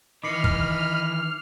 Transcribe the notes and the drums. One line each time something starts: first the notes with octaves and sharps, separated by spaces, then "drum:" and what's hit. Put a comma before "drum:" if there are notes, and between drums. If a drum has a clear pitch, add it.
D#3 E3 D#5 B5 D6 F6 C7 C#7
drum: kick